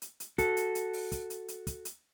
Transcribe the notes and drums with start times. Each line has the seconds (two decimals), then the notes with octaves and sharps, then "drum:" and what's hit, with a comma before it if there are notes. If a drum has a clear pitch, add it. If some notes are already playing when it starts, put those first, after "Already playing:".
0.02 drum: hi-hat
0.20 drum: hi-hat
0.38 F#4 A4, drum: kick, hi-hat
0.57 drum: hi-hat
0.75 drum: hi-hat
0.93 drum: open hi-hat
1.12 drum: kick, hi-hat
1.30 drum: hi-hat
1.48 drum: hi-hat
1.67 drum: kick, hi-hat
1.85 drum: hi-hat